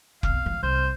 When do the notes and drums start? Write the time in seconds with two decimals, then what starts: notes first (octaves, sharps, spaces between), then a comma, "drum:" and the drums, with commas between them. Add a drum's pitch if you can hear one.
0.23 B1 F2 F5, drum: kick F1
0.46 G#2 E3
0.63 C2 C5